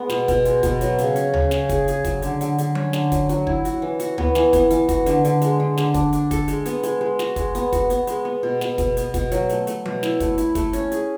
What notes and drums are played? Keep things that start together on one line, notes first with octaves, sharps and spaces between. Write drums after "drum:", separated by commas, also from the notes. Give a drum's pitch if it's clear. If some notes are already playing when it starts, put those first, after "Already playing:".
Already playing: G#3 B3
B2, drum: snare
B2, drum: kick, hi-hat
G#3, drum: hi-hat
B2, drum: kick, hi-hat
F#3, drum: hi-hat
C#3, drum: hi-hat
C#4, drum: hi-hat
C#4, drum: tom D2
C#3, drum: snare
G#4, drum: kick, hi-hat
G#4, drum: hi-hat
F#3, drum: kick, hi-hat
D3, drum: hi-hat
D3, drum: hi-hat
D3, drum: hi-hat
C#4, drum: tom F#3
D3, drum: snare
F#3, drum: kick, hi-hat
F#3, drum: hi-hat
E4, drum: kick
F#4, drum: hi-hat
E3
F#4, drum: hi-hat
B3, drum: tom D2
E3, drum: snare
B3, drum: kick, hi-hat
E3, drum: hi-hat
F#4, drum: kick, hi-hat
D3, drum: hi-hat
D3, drum: hi-hat
G#3, drum: hi-hat
D3
D3, drum: snare
D4, drum: kick, hi-hat
D4, drum: hi-hat
A4, drum: kick, hi-hat
G#3, drum: hi-hat
B3, drum: hi-hat
G#3, drum: hi-hat
G#3
F#4, drum: snare
G#3, drum: kick, hi-hat
B3, drum: hi-hat
F#4, drum: kick, hi-hat
B3, drum: hi-hat
G#3, drum: hi-hat
B3
B2
B2, drum: snare
B2, drum: kick, hi-hat
B3, drum: hi-hat
B2, drum: kick, hi-hat
F#3, drum: hi-hat
A3, drum: hi-hat
A3, drum: hi-hat
B2, drum: tom F#3
E4, drum: snare
A3, drum: kick, hi-hat
E4, drum: hi-hat
A3, drum: kick, hi-hat
C#4, drum: hi-hat
G#4, drum: hi-hat